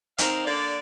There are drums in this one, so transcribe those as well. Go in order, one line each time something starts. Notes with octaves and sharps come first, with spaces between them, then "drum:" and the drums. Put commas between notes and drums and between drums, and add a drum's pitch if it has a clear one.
D#3 C4 A#4 D#5 F5, drum: hi-hat
D3 A#3 D5